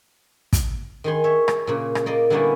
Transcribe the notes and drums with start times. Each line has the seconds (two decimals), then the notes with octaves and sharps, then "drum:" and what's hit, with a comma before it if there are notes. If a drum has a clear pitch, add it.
0.53 drum: kick, hi-hat
1.04 D#3 G#4 C6
1.24 C#5 E5
1.48 drum: rim click
1.67 A#2 C#3
1.95 drum: rim click
2.06 A#3 D5 D#5
2.30 D3 G3 A#3 B3 C#4 E4